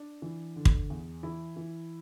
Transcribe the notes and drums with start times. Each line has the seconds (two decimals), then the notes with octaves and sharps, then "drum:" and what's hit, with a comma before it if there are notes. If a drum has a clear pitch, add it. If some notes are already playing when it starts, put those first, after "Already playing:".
Already playing: D4
0.22 E3
0.56 D3
0.65 drum: kick
0.90 E2
1.23 E3 E4
1.56 E3